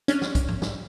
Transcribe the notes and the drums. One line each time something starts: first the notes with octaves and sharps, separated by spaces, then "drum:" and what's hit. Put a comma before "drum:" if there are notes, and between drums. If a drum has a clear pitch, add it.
C#4 D4, drum: hi-hat
drum: snare
drum: kick, hi-hat
drum: tom G#2
drum: snare